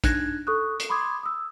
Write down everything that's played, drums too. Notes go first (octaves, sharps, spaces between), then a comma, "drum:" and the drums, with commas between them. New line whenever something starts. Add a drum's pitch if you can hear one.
D4 D#4 F#6 G#6 A#6, drum: kick, hi-hat
A4 C#6 D#6 F#6
drum: hi-hat
B5 C6 D6 D#6 G#6
D#6 E6